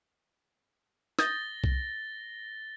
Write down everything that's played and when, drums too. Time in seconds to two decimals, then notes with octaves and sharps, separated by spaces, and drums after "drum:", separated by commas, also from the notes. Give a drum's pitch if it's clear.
1.19 D#6 G6 A6 A#6 G7, drum: snare
1.64 drum: kick C2